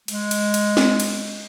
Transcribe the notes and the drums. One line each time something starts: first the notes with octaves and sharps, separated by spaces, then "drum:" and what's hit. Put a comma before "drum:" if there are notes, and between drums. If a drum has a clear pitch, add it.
G#3, drum: cymbal
drum: cymbal
drum: cymbal
drum: snare
drum: cymbal